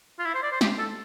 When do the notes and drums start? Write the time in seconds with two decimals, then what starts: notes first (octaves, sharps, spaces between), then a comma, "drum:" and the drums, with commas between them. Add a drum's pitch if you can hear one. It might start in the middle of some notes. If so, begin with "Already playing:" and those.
0.19 F4
0.25 E4
0.35 C5
0.43 D5
0.52 C5
0.61 G4, drum: snare
0.79 A4